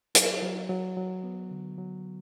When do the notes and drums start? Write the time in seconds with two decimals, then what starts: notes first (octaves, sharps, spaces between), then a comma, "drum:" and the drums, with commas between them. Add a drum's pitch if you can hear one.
0.15 F#3, drum: hi-hat
0.42 F#3
0.69 F#3
0.97 F#3
1.24 B3
1.51 D3
1.78 F#3